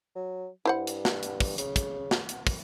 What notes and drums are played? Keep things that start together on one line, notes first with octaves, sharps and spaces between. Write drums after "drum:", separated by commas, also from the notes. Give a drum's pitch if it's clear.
F#3
G2 E4 C5 F#5
drum: hi-hat
drum: snare
drum: hi-hat
drum: kick, open hi-hat
C#3, drum: hi-hat
drum: kick, hi-hat
drum: snare
drum: hi-hat
drum: kick, open hi-hat